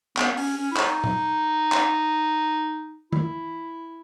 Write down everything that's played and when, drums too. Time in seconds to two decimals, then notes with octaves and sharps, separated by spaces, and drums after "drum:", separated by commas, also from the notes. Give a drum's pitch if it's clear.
0.17 B3, drum: clap
0.31 B3
0.37 C#4, drum: open hi-hat
0.57 C#4
0.72 E4
0.77 D#4, drum: clap
1.04 drum: tom A#2
1.72 drum: clap
3.12 E4, drum: tom